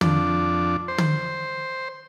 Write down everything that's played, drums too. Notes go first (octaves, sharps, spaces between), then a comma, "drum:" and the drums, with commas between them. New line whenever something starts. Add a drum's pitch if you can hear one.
F2 D4, drum: tom
C5
drum: tom